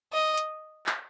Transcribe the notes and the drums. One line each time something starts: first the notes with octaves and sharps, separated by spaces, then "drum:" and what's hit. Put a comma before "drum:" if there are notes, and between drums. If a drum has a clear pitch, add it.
D#5
drum: hi-hat
drum: clap